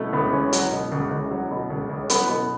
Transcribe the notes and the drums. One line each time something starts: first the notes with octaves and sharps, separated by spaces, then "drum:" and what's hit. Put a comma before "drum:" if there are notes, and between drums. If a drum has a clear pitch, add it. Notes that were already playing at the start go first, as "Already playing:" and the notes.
Already playing: B2 F#3 A3 C#4
C#2 B3
C#2 C#4
F#3, drum: hi-hat
B2
C#2
C#2
F#3
B2
C#2
C#2
C#4
F#3 B3, drum: hi-hat
B2 B3